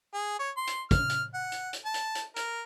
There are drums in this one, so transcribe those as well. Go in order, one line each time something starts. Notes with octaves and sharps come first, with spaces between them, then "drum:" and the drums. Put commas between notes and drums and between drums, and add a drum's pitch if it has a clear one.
G#4
C#5
C6
drum: hi-hat
F6, drum: kick, hi-hat
drum: hi-hat
F#5
drum: hi-hat
drum: hi-hat
A5
drum: hi-hat
drum: hi-hat
A#4, drum: hi-hat